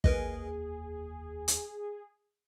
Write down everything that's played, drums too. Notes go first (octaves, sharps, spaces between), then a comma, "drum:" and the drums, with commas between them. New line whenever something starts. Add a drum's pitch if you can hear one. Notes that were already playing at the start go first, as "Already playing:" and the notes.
F1 D#2 A#3 G#4 A#4 B4 D#5, drum: kick
drum: hi-hat